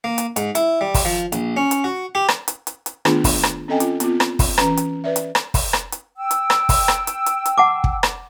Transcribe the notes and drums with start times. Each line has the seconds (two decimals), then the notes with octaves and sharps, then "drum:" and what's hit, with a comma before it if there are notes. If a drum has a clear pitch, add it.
0.04 A#3
0.18 drum: hi-hat
0.36 G#2, drum: hi-hat
0.55 E4, drum: hi-hat
0.81 G3
0.94 drum: kick, open hi-hat
1.05 F3
1.32 A#1, drum: hi-hat
1.57 C#4
1.71 drum: hi-hat
1.84 F#4
2.15 G4
2.28 drum: rim click
2.48 drum: hi-hat
2.67 drum: hi-hat
2.86 drum: hi-hat
3.05 D#3 A3 B3 D4 F4 G#4, drum: rim click
3.24 drum: kick, open hi-hat
3.43 drum: rim click
3.68 C4 C#4 A4 D#5 G5 G#5
3.80 F4, drum: hi-hat
4.00 B3 C4 F4, drum: hi-hat
4.20 drum: rim click
4.39 drum: kick, open hi-hat
4.58 E3 C#4 B4 A#5, drum: rim click
4.77 drum: hi-hat
5.04 B4 D5 E5
5.16 drum: hi-hat
5.35 drum: rim click
5.54 drum: kick, open hi-hat
5.73 drum: rim click
5.92 drum: hi-hat
6.17 G5 E6
6.31 drum: hi-hat
6.50 drum: rim click
6.69 drum: kick, open hi-hat
6.88 drum: rim click
7.07 drum: hi-hat
7.26 drum: hi-hat
7.46 drum: hi-hat
7.58 F#5 A5 D6
7.84 drum: kick
8.03 drum: rim click